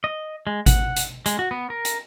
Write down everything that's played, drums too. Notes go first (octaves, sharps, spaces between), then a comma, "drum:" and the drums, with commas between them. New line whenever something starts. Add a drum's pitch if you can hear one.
D#5
G#3
F#5, drum: kick G#1, hi-hat
drum: hi-hat
G#3, drum: hi-hat
F#4
B3
A#4
drum: hi-hat